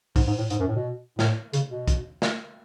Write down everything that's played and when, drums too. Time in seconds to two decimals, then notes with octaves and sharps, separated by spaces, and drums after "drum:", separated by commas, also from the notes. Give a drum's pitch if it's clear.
0.16 G#2, drum: kick, open hi-hat
0.27 G#2
0.38 A2
0.50 G#2, drum: hi-hat
0.59 F#2
0.68 A2
0.76 B2
1.19 A2, drum: snare
1.54 C#3, drum: hi-hat
1.70 B2
1.88 drum: kick, hi-hat
2.22 drum: snare